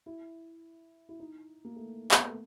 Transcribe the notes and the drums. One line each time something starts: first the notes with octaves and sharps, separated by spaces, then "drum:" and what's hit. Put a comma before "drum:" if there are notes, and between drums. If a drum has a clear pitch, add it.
E4
E4
D#4
A#3
A3
B3, drum: clap
A#3
A3